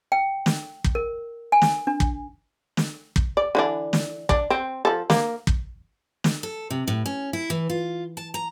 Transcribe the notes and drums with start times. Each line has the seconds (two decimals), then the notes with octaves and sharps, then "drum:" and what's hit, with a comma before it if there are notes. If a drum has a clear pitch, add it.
0.12 G5
0.46 drum: snare
0.84 drum: kick
0.95 A#4
1.52 G#5
1.62 drum: snare
1.87 D4
2.00 drum: kick
2.77 drum: snare
3.16 drum: kick
3.37 D5
3.55 D3 E3 D4
3.93 drum: snare
4.29 D4, drum: kick
4.50 C4
4.85 F3 A4
5.10 A#3, drum: snare
5.47 drum: kick
6.24 drum: snare
6.43 A4
6.70 C3
6.88 A2
7.06 C#4
7.33 E4
7.50 E3
7.70 F4
8.17 A5
8.34 A#5